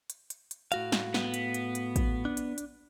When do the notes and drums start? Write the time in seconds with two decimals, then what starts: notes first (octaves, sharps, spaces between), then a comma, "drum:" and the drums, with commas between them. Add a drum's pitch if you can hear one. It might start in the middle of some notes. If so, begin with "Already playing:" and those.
0.10 drum: hi-hat
0.30 drum: hi-hat
0.51 drum: hi-hat
0.72 A2 F#4 F5, drum: hi-hat
0.92 drum: snare
1.14 B3, drum: snare
1.34 drum: hi-hat
1.54 drum: hi-hat
1.75 drum: hi-hat
1.96 drum: kick A1, hi-hat
2.25 D4
2.37 drum: hi-hat
2.58 drum: hi-hat